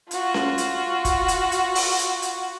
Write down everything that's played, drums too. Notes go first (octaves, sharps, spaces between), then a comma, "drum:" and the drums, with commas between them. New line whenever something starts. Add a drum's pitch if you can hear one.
F4 F#4, drum: hi-hat
drum: snare C#4
drum: hi-hat
drum: kick, hi-hat
drum: hi-hat
drum: hi-hat
drum: open hi-hat
drum: hi-hat
drum: hi-hat